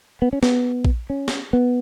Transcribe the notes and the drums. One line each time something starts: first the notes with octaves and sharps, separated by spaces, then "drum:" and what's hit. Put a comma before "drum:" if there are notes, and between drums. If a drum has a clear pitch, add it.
B3
C#4
B3, drum: snare
drum: kick A#1
C#4
drum: snare
B3